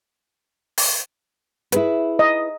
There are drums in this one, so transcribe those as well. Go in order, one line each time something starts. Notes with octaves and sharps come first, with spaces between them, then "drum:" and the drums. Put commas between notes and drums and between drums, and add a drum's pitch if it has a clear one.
drum: open hi-hat
E4 G#4 B4, drum: hi-hat
D#5